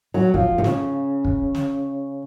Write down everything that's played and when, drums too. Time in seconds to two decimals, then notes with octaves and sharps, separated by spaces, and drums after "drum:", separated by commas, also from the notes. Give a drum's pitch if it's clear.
0.14 F#3
0.34 F3, drum: kick
0.58 C3
0.64 C#3, drum: snare
1.25 drum: kick
1.55 drum: snare